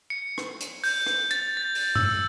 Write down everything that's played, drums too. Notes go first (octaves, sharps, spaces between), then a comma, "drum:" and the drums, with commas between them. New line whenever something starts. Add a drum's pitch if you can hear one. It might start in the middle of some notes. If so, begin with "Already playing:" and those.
C#7
drum: rim click
drum: hi-hat
G6, drum: open hi-hat
drum: rim click
A6, drum: hi-hat
A6
drum: open hi-hat
E6, drum: tom